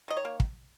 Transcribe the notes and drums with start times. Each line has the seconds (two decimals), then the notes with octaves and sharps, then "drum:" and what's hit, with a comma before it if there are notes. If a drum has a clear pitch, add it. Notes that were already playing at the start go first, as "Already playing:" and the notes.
0.08 D#3 D#5
0.17 C#5
0.25 A#3
0.40 drum: kick